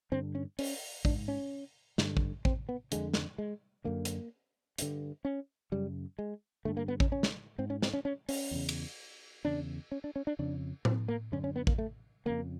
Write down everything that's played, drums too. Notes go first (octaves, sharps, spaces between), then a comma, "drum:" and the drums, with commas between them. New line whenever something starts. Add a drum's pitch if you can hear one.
G2 D3 C4
C#4
C#4, drum: open hi-hat
G#2 D4, drum: kick A1
C#4
G2 D3, drum: snare
drum: kick A1
C4, drum: kick A1
B3
F2 D3 G#3, drum: hi-hat
drum: snare
G#3
F#2 D3 A#3
drum: hi-hat
G2 D3, drum: hi-hat
C#4
F#2 C#3 G3
G#3
G2 D3 A3
A#3
B3
C#4, drum: kick A1
C#4
drum: snare
G#2 C4
C#4
C4, drum: snare
C#4
C#4
C#4, drum: open hi-hat
E2 C#3
drum: cymbal
E2 C#3 D4
C#4
D4
C#4
D4
F2 C#3 D4
C4, drum: tom A2
A#3
F#2 D3 C#4
C#4
B3
A#3, drum: kick A1
A3
F2 C#3 A#3